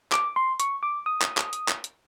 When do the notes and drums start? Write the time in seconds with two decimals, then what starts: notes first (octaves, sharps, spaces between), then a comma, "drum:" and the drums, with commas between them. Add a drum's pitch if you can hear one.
0.12 D6, drum: clap
0.36 C6
0.60 C#6, drum: hi-hat
0.83 D6
1.06 D#6
1.22 drum: clap
1.37 drum: clap
1.53 drum: hi-hat
1.68 drum: clap
1.84 drum: hi-hat